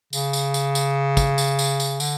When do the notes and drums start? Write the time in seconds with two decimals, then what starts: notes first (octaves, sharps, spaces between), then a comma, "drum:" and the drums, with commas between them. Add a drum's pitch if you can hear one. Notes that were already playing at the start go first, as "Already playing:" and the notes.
0.13 C#3, drum: tambourine
0.33 drum: tambourine
0.54 drum: tambourine
0.75 drum: tambourine
1.17 drum: kick, tambourine
1.38 drum: tambourine
1.59 drum: tambourine
1.80 drum: tambourine
2.00 D3, drum: tambourine